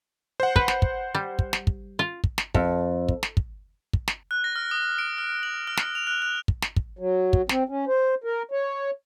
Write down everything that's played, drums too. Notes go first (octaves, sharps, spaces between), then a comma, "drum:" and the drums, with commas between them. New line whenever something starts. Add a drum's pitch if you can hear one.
C5 F#5
B4, drum: kick
drum: snare
drum: kick
G3
drum: kick
drum: snare
drum: kick
F4
drum: kick
drum: snare
F2, drum: kick
drum: kick
drum: snare
drum: kick
drum: kick
drum: snare
F#6
A#6
F6
D#6
D7
F6
F#7
F6
drum: snare
F7
F#6
F#6
drum: kick
drum: snare
drum: kick
F#3
drum: kick
C4, drum: snare
C#4
C5
A#4
C#5